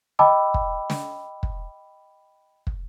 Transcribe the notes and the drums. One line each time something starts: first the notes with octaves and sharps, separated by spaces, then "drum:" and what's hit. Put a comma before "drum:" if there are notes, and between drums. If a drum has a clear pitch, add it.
D#5 G5 A5 B5 D6 E6
drum: kick
drum: snare
drum: kick
drum: kick